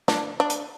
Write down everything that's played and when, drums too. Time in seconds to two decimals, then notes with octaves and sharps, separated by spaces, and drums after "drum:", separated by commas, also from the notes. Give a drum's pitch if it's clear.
0.08 D4, drum: snare
0.40 D4
0.50 drum: hi-hat